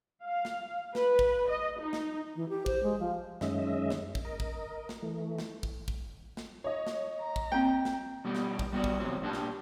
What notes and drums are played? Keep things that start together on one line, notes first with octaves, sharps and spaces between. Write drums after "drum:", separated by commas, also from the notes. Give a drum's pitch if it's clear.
F5
drum: snare
B4, drum: snare
drum: kick
D#5
D#4
drum: snare
E3
G4
C5, drum: kick
G#3
F3
F#2 D#3 G#3 C#4 D#5 E5, drum: snare
drum: snare
drum: kick
A#4 D#5
drum: kick
drum: snare
E3 A3
drum: snare
drum: kick
drum: kick
drum: snare
C#5 D#5
drum: snare
A#5
drum: kick
A#3 C4 G5
drum: snare
B2 G3 B3 G4
drum: snare
drum: kick
G3 B3 D#4 F#4 D5
drum: kick
A2 C3 D#3 E3 F#3 C4
A#2 D4 G4 A5
drum: snare